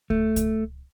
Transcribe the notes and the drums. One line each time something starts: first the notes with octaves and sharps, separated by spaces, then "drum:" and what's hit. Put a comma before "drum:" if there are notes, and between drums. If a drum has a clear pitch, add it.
A3, drum: kick C#2
drum: kick C#2, hi-hat